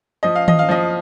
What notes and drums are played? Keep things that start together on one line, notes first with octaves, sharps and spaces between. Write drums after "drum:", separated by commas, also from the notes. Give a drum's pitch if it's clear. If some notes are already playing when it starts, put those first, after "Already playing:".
F3 D#5
F5
D#5, drum: tom D#3
F5
F3 D#5